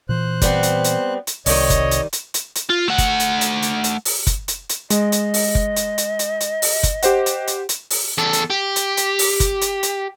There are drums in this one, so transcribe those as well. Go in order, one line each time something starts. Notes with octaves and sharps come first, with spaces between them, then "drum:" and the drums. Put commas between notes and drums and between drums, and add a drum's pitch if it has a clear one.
A#2 E3 C5 F#6
G3 B3 C4, drum: kick, hi-hat
drum: hi-hat
drum: hi-hat
drum: hi-hat
C2 C3 D#3 G3 C#5 D#5, drum: open hi-hat
drum: kick, hi-hat
drum: hi-hat
drum: hi-hat
drum: hi-hat
drum: hi-hat
F4
A3 F#5
drum: kick, hi-hat
drum: hi-hat
drum: hi-hat
drum: hi-hat
drum: hi-hat
drum: open hi-hat
drum: kick, hi-hat
drum: hi-hat
drum: hi-hat
G#3 D#5, drum: hi-hat
drum: hi-hat
drum: open hi-hat
drum: kick
drum: hi-hat
drum: hi-hat
drum: hi-hat
drum: hi-hat
drum: open hi-hat
drum: kick, hi-hat
G4 C5 F#5, drum: hi-hat
drum: hi-hat
drum: hi-hat
drum: hi-hat
drum: open hi-hat
E2 A4
drum: hi-hat
G4
drum: hi-hat
drum: hi-hat
drum: open hi-hat
drum: kick, hi-hat
drum: hi-hat
drum: hi-hat